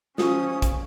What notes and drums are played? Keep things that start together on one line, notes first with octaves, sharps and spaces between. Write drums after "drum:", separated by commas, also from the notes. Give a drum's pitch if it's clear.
F3 C#4 C5 F5 C#6 D#6, drum: snare
drum: kick, hi-hat